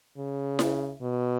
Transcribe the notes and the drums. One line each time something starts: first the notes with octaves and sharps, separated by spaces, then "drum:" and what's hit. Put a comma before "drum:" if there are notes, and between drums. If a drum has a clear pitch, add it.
C#3
drum: snare E4
B2